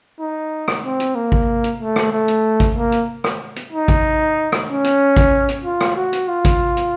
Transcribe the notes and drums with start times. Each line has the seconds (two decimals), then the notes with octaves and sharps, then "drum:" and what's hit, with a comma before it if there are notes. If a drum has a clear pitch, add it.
0.20 D#4
0.68 drum: rim click
0.84 C4
1.00 drum: hi-hat
1.15 A#3
1.32 drum: kick A1
1.64 drum: hi-hat
1.80 A3
1.96 drum: rim click
2.12 A3
2.28 drum: hi-hat
2.60 drum: kick A1, hi-hat
2.76 A#3
2.92 drum: hi-hat
3.24 drum: rim click
3.56 drum: hi-hat
3.73 D#4
3.88 drum: kick A1, hi-hat
4.52 drum: rim click
4.68 C#4
4.84 drum: hi-hat
5.17 drum: kick A1, hi-hat
5.49 drum: hi-hat
5.65 F4
5.81 drum: rim click
5.97 F#4
6.13 drum: hi-hat
6.28 F4
6.45 drum: kick A1, hi-hat
6.77 drum: hi-hat